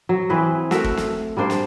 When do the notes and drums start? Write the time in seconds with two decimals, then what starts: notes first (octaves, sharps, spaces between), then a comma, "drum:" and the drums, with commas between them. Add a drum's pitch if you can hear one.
0.09 F#3
0.30 E3 C4 G#4 B4
0.71 A3 F#4 A#4 E5, drum: snare
0.84 drum: kick
0.97 drum: snare
1.37 G3 A#3 D4 C5
1.50 drum: snare